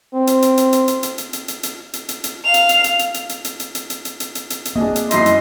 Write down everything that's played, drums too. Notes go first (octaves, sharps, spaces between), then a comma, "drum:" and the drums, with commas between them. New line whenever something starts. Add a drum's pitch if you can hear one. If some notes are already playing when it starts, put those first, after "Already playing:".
C4
drum: hi-hat
drum: hi-hat
drum: hi-hat
drum: hi-hat
drum: hi-hat
drum: hi-hat
drum: hi-hat
drum: hi-hat
drum: hi-hat
drum: hi-hat
drum: hi-hat
drum: hi-hat
drum: hi-hat
F5 F7
drum: hi-hat
drum: hi-hat
drum: hi-hat
drum: hi-hat
drum: hi-hat
drum: hi-hat
drum: hi-hat
drum: hi-hat
drum: hi-hat
drum: hi-hat
drum: hi-hat
drum: hi-hat
drum: hi-hat
drum: hi-hat
drum: hi-hat
A#3 C4 D4 G#4 D#5
drum: hi-hat
F#2 D#4 E4 D#5 C6, drum: hi-hat
drum: hi-hat